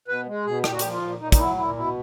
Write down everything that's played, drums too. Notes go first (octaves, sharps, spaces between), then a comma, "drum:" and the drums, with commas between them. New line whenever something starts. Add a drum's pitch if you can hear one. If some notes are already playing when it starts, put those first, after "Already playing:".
B2 B4
G#3
B2 G#4
A#2 G4, drum: rim click
F#4
F3 G4, drum: hi-hat
F4
A#2
A#2 D#4
D#4, drum: kick, hi-hat
F#3 E4
A#2 E4
B2 E4